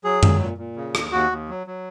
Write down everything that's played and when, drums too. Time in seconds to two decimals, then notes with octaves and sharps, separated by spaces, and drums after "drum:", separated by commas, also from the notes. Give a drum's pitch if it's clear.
0.04 F#3 G#4
0.23 A#2, drum: tom F#2
0.41 A#2
0.58 A#2
0.76 C#3
0.95 D#2, drum: rim click
1.12 D#2 F#4
1.31 D#2
1.49 F#3
1.67 F#3